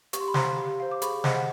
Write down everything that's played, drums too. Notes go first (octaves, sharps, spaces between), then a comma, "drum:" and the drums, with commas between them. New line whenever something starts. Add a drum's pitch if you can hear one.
G4 C#6, drum: hi-hat
C6
B5
C5 F5 A#5 C6, drum: snare
G4
C5 F5
D6
G#4 B5 C#6, drum: hi-hat
C5 D#5 F#5, drum: snare